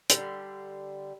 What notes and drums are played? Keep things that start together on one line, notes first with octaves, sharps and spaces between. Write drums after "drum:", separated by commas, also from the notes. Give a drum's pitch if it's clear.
D3 G3, drum: hi-hat